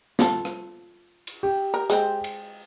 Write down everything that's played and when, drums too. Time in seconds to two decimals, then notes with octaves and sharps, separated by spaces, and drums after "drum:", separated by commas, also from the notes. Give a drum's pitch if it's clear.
0.19 F4 A4, drum: snare
0.45 drum: rim click
1.27 drum: cymbal
1.43 G4
1.74 A#4
1.90 G#3 C4, drum: hi-hat
2.24 drum: cymbal